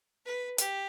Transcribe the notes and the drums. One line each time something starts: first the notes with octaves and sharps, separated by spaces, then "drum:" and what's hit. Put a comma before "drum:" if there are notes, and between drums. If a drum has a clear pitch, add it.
B4
G4, drum: hi-hat